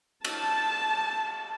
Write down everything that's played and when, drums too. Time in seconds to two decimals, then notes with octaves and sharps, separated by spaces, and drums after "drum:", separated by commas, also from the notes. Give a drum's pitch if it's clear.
0.25 A5, drum: cymbal